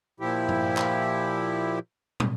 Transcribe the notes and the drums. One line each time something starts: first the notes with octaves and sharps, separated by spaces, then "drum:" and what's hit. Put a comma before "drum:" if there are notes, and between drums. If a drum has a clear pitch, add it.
A#2 F3 E4 G4
drum: tom G2
drum: clap
drum: tom